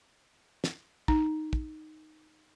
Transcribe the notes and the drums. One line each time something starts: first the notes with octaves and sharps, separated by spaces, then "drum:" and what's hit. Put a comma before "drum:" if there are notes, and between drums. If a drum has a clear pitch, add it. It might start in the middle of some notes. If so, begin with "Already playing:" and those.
drum: snare
D#4, drum: kick
drum: kick